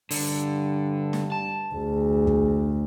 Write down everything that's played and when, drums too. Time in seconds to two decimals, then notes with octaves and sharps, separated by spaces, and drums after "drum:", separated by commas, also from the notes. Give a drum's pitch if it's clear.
0.11 G2 D3, drum: open hi-hat
1.13 drum: snare
1.32 A5
1.74 D2 G#4
2.27 drum: kick